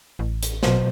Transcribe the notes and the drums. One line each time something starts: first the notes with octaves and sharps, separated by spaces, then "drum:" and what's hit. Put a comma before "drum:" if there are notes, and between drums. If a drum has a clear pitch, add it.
A1
drum: hi-hat
B2 F#3 C5, drum: snare